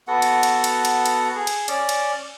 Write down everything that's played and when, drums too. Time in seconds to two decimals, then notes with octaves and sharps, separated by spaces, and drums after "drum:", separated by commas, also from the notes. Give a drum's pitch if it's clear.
0.07 B3 F#4 A4 F#5
0.22 drum: cymbal
0.43 drum: cymbal
0.64 drum: cymbal
0.85 drum: cymbal
1.06 drum: cymbal
1.35 G#4
1.47 drum: cymbal
1.68 C#4 D5, drum: cymbal
1.89 drum: cymbal